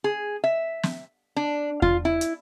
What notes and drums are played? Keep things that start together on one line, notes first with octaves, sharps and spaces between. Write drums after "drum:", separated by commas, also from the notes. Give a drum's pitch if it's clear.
G#4
E5
drum: snare
D4
F4, drum: kick E2
E4
drum: hi-hat